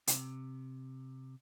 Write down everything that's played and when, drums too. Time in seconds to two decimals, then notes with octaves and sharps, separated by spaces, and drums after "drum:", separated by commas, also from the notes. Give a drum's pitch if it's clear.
0.07 C3, drum: hi-hat